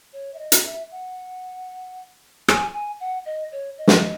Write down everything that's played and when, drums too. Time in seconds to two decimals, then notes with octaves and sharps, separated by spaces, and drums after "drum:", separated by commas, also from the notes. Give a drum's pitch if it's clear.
0.13 C#5
0.34 E5
0.39 D#5
0.52 drum: hi-hat
0.65 E5
0.91 F#5
2.48 G#5, drum: rim click
2.73 G#5
3.00 F#5
3.26 D#5
3.52 C#5
3.78 D#5
3.87 drum: snare